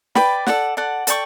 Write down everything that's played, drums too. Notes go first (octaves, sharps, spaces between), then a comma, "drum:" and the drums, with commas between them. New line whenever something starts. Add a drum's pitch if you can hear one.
B4 D5 G5 B5, drum: snare
A4 D5 F#5, drum: snare
A4 D5 F#5
A4 D5 G5 C#6, drum: hi-hat